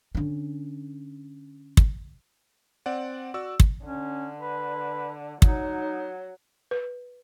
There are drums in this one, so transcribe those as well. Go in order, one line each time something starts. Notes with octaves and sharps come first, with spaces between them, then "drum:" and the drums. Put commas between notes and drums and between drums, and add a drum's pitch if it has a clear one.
D3 C#4
drum: kick
C4 D5 F#5
F#4 D5 E6
drum: kick
D3 C#4
B4
F#3 D#4, drum: kick
B4